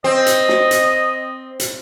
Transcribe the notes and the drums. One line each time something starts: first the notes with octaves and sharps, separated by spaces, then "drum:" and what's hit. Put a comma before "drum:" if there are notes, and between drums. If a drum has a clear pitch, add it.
C4 D#5
drum: hi-hat
drum: snare
drum: hi-hat
drum: hi-hat